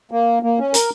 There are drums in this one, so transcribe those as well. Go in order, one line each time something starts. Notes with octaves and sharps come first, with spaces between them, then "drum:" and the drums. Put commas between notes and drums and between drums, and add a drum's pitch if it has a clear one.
A#3
A#3
C#4
A#4, drum: hi-hat